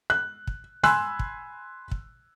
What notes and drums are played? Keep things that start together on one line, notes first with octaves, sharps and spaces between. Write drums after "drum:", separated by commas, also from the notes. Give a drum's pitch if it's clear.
F#6
drum: kick
G#5 B5 C6 E6 F#6, drum: snare
drum: kick
drum: kick